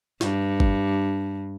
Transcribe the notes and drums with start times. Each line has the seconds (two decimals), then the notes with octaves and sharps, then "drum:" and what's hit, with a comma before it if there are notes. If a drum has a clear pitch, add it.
0.21 G2, drum: snare
0.60 drum: kick